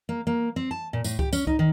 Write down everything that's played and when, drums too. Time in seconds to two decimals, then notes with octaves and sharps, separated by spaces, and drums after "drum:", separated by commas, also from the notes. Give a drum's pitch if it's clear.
0.09 A#3
0.27 A#3
0.56 C4
0.71 A5
0.93 A#2
1.04 A2, drum: tambourine
1.19 G4, drum: kick C#2
1.33 C#4, drum: tambourine
1.47 D#4, drum: kick C#2
1.59 D#3